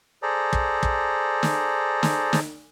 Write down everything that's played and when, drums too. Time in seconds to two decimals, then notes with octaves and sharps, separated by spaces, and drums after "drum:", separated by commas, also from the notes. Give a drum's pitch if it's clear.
0.23 G#4 A4 C5 D5 A#5
0.53 drum: kick
0.83 drum: kick
1.43 drum: snare
2.03 drum: snare
2.33 drum: snare